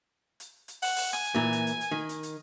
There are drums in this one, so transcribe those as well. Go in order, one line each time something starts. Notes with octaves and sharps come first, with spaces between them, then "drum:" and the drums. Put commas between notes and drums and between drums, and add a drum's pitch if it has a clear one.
drum: hi-hat
drum: hi-hat
F#5, drum: open hi-hat
drum: open hi-hat
G#5, drum: rim click
drum: hi-hat
A#2 E3
drum: hi-hat
drum: hi-hat
drum: hi-hat
D#3
drum: hi-hat
drum: hi-hat